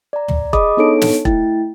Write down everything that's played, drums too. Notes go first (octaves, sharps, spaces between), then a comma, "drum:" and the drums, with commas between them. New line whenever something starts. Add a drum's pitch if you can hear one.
D5 A#5
drum: tom
G#4 D#5 B5 D6 D#6, drum: kick E1
B3 D4 D#4 A4 C#5 D7
drum: snare
A3 E4 G5 A6, drum: kick E1